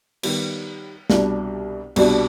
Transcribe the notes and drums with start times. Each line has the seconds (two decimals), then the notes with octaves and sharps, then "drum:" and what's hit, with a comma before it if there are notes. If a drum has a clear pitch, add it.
0.23 D#3 G3 B3, drum: cymbal
1.10 C2 B2 G3 D4, drum: snare
1.96 C2 B2 G3 D4, drum: cymbal